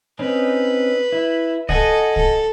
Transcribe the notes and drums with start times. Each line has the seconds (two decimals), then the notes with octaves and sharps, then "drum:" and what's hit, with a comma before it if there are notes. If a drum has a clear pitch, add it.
0.19 C4 C#4 D#4 B4
1.12 E4
1.69 A4 D#5 F#5 G#5, drum: kick C2
2.16 A4, drum: kick C2